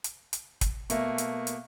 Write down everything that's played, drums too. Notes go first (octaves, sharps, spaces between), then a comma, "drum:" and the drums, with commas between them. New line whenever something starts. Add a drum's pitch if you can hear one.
drum: hi-hat
drum: hi-hat
drum: kick, hi-hat
B2 A3 A#3, drum: hi-hat
drum: hi-hat
drum: hi-hat